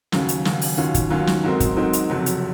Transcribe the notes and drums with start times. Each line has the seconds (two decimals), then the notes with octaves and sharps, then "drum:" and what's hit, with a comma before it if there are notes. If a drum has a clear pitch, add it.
0.12 D#2 C#3 F#3 C#4, drum: snare
0.29 drum: hi-hat
0.45 D#2 C#3 F#3 C#4, drum: snare
0.62 drum: open hi-hat
0.77 D#2 D#3 F#3 C#4 F4
0.94 drum: kick, hi-hat
1.10 D#2 D#3 F#3 C#4 F4
1.27 drum: snare
1.43 G#2 F#3 C4 D#4 A#4
1.60 drum: kick, hi-hat
1.76 G#2 F#3 C4 D#4 A#4
1.93 drum: hi-hat
2.10 F#1 F2 C3 F#3
2.26 drum: hi-hat